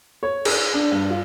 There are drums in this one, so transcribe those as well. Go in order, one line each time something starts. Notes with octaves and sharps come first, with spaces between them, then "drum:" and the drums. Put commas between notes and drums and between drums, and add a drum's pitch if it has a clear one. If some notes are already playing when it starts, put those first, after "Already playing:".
C#5
G#4, drum: cymbal
D4
G2
F4